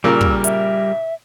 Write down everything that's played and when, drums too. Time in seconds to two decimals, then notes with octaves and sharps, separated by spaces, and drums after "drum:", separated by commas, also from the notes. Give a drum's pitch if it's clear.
0.04 A#2 C#3 G3 A#3 A#4 E6
0.21 drum: kick
0.44 E5, drum: hi-hat